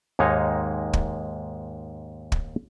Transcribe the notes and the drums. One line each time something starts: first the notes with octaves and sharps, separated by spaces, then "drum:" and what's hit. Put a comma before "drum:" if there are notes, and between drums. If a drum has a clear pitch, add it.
D#2 G#2 G#3 A#3 D#4 C#5
drum: kick
drum: kick